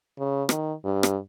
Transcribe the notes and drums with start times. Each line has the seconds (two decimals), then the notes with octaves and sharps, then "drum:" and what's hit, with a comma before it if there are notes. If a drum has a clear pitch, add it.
0.19 C#3
0.49 D#3, drum: rim click
0.85 G2
1.03 drum: rim click